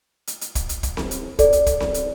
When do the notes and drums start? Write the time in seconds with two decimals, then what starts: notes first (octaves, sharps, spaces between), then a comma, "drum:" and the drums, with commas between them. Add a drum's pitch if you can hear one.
0.27 drum: hi-hat
0.41 drum: hi-hat
0.55 drum: kick, hi-hat
0.69 drum: hi-hat
0.83 drum: kick, hi-hat
0.97 drum: snare C4
1.11 drum: hi-hat
1.39 A4 D5, drum: kick, hi-hat
1.53 drum: hi-hat
1.66 drum: kick, hi-hat
1.80 drum: snare C4
1.94 drum: hi-hat